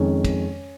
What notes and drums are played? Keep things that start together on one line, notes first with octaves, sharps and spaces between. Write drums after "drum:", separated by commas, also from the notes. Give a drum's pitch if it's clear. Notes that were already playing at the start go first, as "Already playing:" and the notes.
Already playing: F2 D#3 G#3 C#4
drum: kick, cymbal